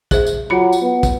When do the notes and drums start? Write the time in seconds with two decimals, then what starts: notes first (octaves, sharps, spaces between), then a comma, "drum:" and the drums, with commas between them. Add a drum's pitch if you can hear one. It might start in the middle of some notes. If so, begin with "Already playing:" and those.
0.11 G#4 C5 E5, drum: kick, tambourine
0.26 drum: tambourine
0.50 F#3 F4 B5
0.72 drum: tambourine
0.82 B3
1.03 drum: kick, tambourine